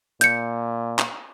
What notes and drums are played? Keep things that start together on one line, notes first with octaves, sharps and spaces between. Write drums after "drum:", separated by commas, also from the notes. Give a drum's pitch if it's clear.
A#2 G6 C#7, drum: hi-hat
drum: clap